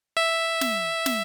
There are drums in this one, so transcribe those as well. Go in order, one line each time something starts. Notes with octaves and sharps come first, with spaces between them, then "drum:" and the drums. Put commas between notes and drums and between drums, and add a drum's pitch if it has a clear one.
E5
drum: snare
drum: snare